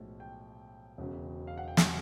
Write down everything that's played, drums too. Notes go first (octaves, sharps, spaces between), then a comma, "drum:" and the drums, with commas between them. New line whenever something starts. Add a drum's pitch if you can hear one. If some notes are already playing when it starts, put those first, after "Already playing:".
Already playing: B1 A2 F3 G#3
G5
E1 E2 C#3 F#3
F5
F#5
G5
G#5, drum: snare